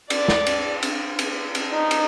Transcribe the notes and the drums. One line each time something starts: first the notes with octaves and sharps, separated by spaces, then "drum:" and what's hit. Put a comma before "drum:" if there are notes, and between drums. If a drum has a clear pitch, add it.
D5, drum: cymbal
drum: snare
drum: cymbal
drum: cymbal
drum: cymbal
drum: cymbal
D#4
drum: cymbal